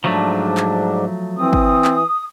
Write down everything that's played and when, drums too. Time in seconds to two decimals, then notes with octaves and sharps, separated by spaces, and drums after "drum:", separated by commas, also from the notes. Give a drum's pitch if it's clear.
0.04 G#2 F3 F#3 A3 D4
0.57 drum: clap
1.37 E3 C4 D#6
1.53 drum: kick
1.85 drum: clap